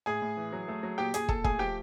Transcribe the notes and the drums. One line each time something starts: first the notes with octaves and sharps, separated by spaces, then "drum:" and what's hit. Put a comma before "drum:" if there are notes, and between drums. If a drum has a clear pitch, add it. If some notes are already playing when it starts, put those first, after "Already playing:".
A2 G#4 G#5
A2
E3
F#3
A3
F#3
A#2 G4 G5
A#2 G#4 G#5, drum: hi-hat
A#2 A4 A5, drum: kick
A3 G#4 G#5, drum: kick
F3 G4 G5